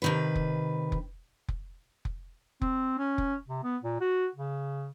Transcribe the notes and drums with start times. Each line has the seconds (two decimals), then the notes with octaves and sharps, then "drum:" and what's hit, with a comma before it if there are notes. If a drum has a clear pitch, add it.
0.02 C3 D#3 B4
0.35 drum: kick F1
0.92 drum: kick F1
1.48 drum: kick F1
2.05 drum: kick F1
2.62 C4, drum: kick F1
2.98 C#4
3.18 drum: kick F1
3.48 C3
3.63 B3
3.83 A#2
4.01 F#4
4.35 C#3